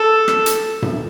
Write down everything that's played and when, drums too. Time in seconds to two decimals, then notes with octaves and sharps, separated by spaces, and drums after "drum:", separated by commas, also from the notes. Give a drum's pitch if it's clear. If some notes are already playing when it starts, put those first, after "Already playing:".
Already playing: A4
0.28 drum: rim click
0.46 drum: hi-hat
0.82 drum: tom G2